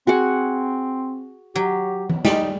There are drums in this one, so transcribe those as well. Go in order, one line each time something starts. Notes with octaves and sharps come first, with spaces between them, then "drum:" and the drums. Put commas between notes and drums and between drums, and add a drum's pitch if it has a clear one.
C4 F#4 G#4 F#5
F#3 G4
drum: tom E3
G3 D#4, drum: snare